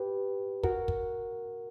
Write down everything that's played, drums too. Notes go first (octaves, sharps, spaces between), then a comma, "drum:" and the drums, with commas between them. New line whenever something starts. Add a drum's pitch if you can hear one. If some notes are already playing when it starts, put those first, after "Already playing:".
Already playing: G4 B4
F#4 A#4, drum: kick
drum: kick